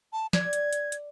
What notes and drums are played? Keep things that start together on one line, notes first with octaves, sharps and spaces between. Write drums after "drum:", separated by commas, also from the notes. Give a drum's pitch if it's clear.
A5
D5 G#6, drum: snare
drum: hi-hat
drum: hi-hat
drum: hi-hat